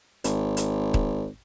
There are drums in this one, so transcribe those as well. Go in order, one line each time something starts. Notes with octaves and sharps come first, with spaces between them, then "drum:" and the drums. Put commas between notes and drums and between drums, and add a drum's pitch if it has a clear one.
G#1, drum: hi-hat
drum: hi-hat
drum: kick D#1